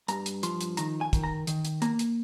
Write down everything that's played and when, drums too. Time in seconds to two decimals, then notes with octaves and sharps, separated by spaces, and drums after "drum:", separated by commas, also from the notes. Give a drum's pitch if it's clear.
0.08 G2 A#5, drum: hi-hat
0.26 drum: hi-hat
0.43 F3 C6, drum: hi-hat
0.61 drum: hi-hat
0.77 D#3 A#5, drum: hi-hat
1.01 G#5
1.13 D#3, drum: kick, hi-hat
1.24 A#5
1.47 D#3, drum: hi-hat
1.65 drum: hi-hat
1.82 A#3 A#5, drum: hi-hat
1.99 drum: hi-hat